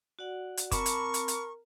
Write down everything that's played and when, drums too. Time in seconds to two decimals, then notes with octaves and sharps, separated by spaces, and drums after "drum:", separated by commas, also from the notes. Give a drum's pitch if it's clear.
0.19 F#4 D5 F#5
0.57 drum: hi-hat
0.72 C4 A#4 A5 B5 C#6 D6, drum: kick, hi-hat
0.86 drum: hi-hat
1.14 drum: hi-hat
1.28 drum: hi-hat